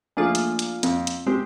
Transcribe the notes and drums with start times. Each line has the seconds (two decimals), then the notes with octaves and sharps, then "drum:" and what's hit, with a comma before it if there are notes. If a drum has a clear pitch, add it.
0.17 F3 A3 A#3 D4 F4 G#4
0.35 drum: hi-hat
0.59 drum: hi-hat
0.83 F2, drum: hi-hat
1.07 drum: hi-hat
1.27 G#3 C4 G4